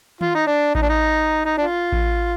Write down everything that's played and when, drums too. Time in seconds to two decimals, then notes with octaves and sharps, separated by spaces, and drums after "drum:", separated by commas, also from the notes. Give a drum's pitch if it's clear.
0.21 F4, drum: tom D#3
0.35 D#4
0.47 D4
0.75 D#4, drum: kick A1
0.82 D4
0.89 D#4
1.46 D#4
1.58 D4 F4
1.92 drum: kick A1